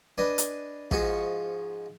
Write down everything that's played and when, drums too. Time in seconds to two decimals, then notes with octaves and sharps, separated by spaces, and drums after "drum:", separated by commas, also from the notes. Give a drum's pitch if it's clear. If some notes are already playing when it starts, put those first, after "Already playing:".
0.18 D4 B4 D#5 G#5
0.38 drum: hi-hat
0.91 G#2 F3 F#4 G#4 G#5 C#6, drum: kick